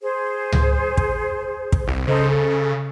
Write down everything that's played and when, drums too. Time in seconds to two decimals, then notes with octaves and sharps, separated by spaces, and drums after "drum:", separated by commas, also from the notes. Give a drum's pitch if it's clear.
0.02 G#4 C5
0.52 drum: tom C#2
0.97 drum: kick
1.72 drum: kick
1.87 C2
2.07 C#3 D#4 A4 C5
2.30 A4